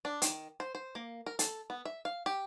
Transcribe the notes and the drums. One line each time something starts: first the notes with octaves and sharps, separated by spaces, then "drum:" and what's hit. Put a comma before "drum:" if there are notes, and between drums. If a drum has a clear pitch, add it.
D4
D#3, drum: hi-hat
C5
C5
A#3
A#4
A4, drum: hi-hat
B3
E5
F5
G4